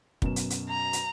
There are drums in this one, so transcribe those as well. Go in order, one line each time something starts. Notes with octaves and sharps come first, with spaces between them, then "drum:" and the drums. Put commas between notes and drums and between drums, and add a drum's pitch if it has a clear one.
F#2 B2 E7, drum: kick
drum: hi-hat
drum: hi-hat
A#5
drum: hi-hat